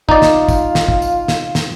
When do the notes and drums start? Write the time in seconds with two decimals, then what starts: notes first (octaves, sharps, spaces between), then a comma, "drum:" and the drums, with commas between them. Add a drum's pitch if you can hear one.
0.09 D#4 F4 D5, drum: kick
0.22 drum: snare
0.49 drum: kick, tambourine
0.75 drum: snare
0.88 drum: kick
1.02 drum: tambourine
1.28 drum: snare
1.55 drum: snare